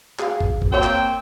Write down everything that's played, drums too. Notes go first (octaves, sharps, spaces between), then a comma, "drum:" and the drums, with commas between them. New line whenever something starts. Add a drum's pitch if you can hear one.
G#4 F5, drum: clap
drum: kick
drum: kick
A#3 C4 C5 C#5 E5 G5
drum: clap